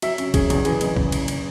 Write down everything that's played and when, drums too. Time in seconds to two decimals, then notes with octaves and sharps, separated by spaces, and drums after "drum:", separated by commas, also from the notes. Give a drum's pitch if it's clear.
0.02 F#3 E5, drum: cymbal
0.18 C#4, drum: cymbal
0.34 C#4 G#4, drum: kick, cymbal
0.50 E2, drum: cymbal
0.65 E3 G#4, drum: cymbal
0.81 F#1, drum: cymbal
0.97 C#3, drum: kick
1.12 drum: cymbal
1.28 drum: cymbal